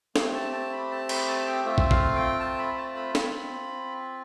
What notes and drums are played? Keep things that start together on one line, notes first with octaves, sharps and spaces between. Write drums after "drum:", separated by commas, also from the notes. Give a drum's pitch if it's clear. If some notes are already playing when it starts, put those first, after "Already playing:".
A3 C4 G4, drum: snare
A5
A5
B5
A5
B5, drum: cymbal
A5
G5
A3 C4 F4 E5
drum: kick
F5, drum: kick
G5
A5
B5
A5
B5
C4 F4 B5, drum: snare